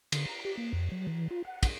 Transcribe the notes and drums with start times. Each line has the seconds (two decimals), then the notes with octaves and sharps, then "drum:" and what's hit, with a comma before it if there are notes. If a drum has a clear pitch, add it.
0.12 D3, drum: cymbal
0.26 A#5
0.45 G4
0.57 A#3
0.73 F2
0.92 F#3
1.07 E3
1.30 F4
1.45 F#5
1.63 drum: kick, cymbal